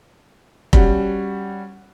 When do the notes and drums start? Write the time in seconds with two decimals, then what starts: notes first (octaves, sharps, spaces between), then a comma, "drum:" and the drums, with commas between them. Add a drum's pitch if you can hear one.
0.73 G3 C#4 F#4, drum: kick F1